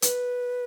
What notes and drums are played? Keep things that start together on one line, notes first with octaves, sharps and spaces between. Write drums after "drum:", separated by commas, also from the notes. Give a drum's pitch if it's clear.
B4, drum: hi-hat